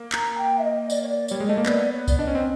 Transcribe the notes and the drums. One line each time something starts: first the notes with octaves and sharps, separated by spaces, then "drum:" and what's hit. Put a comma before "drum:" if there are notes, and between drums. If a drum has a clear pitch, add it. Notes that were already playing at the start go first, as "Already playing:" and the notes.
Already playing: A#3
A#5, drum: clap
G5
E5
D#5
D5, drum: tambourine
C#5
D5
G3 C#5, drum: tambourine
G#3
A3 D#5
A#3
B3 D5, drum: clap
C#5
D5, drum: kick C2, tambourine
D4 D#5
C#4
C4